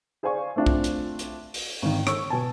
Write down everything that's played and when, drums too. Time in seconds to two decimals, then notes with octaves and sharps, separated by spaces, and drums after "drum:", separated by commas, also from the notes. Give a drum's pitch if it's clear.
0.23 G#4 C5 D5 F5 G#5 C#6
0.56 A3 C4 D4 F4
0.66 drum: kick B1
0.84 drum: hi-hat
1.19 drum: hi-hat
1.54 drum: open hi-hat
1.82 G#1 D#3
2.07 C#6 E6, drum: rim click
2.30 B2 G#5 A5